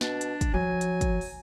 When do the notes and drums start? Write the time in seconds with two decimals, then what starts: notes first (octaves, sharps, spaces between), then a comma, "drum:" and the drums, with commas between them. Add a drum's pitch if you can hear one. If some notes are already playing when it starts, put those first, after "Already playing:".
0.01 B2 D4, drum: snare
0.21 drum: hi-hat
0.41 drum: kick, hi-hat
0.54 F3 F#3 G#5
0.81 drum: hi-hat
1.01 drum: kick, hi-hat
1.21 drum: open hi-hat